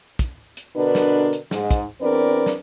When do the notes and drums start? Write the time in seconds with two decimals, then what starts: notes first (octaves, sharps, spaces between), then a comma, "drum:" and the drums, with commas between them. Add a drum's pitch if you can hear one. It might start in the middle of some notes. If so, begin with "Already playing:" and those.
0.19 drum: kick, hi-hat
0.57 drum: hi-hat
0.76 B2 D3 D4 A#4 B4
0.95 drum: snare
1.33 drum: hi-hat
1.51 G#2, drum: snare
1.71 drum: kick, hi-hat
2.01 E2 C4 D4 A#4 B4 D5
2.46 drum: snare